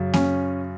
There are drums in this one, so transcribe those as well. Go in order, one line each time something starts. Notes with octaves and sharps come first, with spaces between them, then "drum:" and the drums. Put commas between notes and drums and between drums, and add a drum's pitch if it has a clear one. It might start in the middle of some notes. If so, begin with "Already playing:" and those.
Already playing: F#2 C#3
C#4, drum: snare A#3